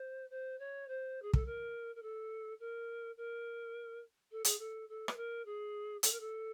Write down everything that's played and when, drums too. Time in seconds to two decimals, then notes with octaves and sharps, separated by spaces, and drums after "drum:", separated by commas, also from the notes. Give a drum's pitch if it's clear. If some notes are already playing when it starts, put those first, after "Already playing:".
Already playing: C5
0.30 C5
0.59 C#5
0.88 C5
1.22 G#4
1.34 A4, drum: kick
1.45 A#4
1.95 A#4
2.02 A4
2.60 A#4
3.17 A#4
4.31 A4
4.45 G#4, drum: hi-hat
4.59 A4
4.89 A4
5.08 B4, drum: rim click
5.16 A#4
5.45 G#4
6.03 A4, drum: hi-hat
6.11 A#4
6.20 A4